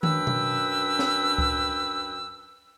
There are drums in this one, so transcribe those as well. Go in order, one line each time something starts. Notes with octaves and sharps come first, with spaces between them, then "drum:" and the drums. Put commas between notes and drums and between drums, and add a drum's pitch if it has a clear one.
F#2 D4 B4 G5 E6, drum: tom D#3
drum: tom B2
drum: snare C#4
drum: kick C#2